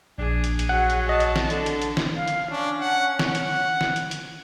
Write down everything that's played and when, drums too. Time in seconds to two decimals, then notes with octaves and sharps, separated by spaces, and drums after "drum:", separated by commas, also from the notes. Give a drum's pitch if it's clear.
0.18 A#1 D4 G#4
0.44 drum: hi-hat
0.59 drum: hi-hat
0.69 F#3 F#5
0.90 drum: hi-hat
1.09 D#5 A5
1.20 drum: hi-hat
1.36 drum: snare
1.50 D3, drum: hi-hat
1.66 drum: hi-hat
1.82 drum: hi-hat
1.97 drum: snare
2.16 F5
2.28 drum: hi-hat
2.51 C#4 D4
2.80 F#5
3.19 F#5, drum: snare
3.35 drum: hi-hat
3.81 drum: snare
3.96 drum: hi-hat
4.11 drum: hi-hat